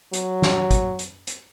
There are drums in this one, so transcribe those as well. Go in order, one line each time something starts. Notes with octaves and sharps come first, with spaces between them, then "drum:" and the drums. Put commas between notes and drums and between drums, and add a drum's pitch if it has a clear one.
F#3, drum: hi-hat
drum: snare
drum: kick, hi-hat
drum: hi-hat
drum: hi-hat